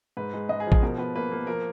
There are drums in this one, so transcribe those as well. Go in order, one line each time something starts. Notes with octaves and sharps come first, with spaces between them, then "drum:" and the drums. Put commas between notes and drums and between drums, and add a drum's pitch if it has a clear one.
G#2 B4
G#3
G#2 D#5
G#4
F3
G#4, drum: kick A1
B2 A#4
B2 B4
A#3 B4
A#3
F3 A#4